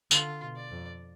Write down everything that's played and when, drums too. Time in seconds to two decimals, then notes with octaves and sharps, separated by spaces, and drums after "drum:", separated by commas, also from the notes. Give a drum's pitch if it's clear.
0.11 D3 F4, drum: tambourine
0.41 B2
0.57 D5
0.71 F2